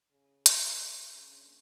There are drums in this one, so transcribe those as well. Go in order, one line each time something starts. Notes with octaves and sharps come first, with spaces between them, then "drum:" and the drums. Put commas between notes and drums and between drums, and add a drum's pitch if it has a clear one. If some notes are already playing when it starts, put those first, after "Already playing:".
C#3
D4, drum: hi-hat
C#3 C#4
D4
D4
A#3